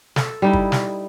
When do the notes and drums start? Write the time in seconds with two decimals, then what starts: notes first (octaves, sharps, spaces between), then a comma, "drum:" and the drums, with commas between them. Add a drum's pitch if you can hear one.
0.16 A4, drum: snare
0.42 G3 D#4 E4
0.53 drum: kick
0.72 drum: snare